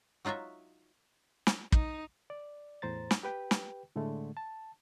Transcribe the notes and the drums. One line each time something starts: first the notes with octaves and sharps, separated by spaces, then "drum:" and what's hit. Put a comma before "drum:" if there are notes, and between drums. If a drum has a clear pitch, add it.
F#3 D#4 F4 F#4 E5
drum: snare
D#4, drum: kick
D5
E2 A2 C5 A#5 A6
drum: snare
G4 B4 G5
drum: snare
A2 D3 G#3 A3
A5